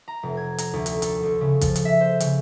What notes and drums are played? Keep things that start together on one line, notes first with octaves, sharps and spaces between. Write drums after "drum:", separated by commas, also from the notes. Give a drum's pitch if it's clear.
A#5
F1
G#6
A#5, drum: hi-hat
D2
drum: hi-hat
A4, drum: hi-hat
D2
C#3
F3, drum: kick, hi-hat
drum: hi-hat
E5
C5
C#3, drum: hi-hat